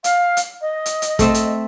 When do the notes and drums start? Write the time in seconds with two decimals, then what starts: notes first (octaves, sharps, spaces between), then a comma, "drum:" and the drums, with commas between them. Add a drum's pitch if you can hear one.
0.04 F5, drum: hi-hat
0.37 drum: hi-hat
0.62 D#5
0.86 drum: hi-hat
1.02 drum: hi-hat
1.19 A3 C4 E5, drum: kick, hi-hat
1.34 drum: hi-hat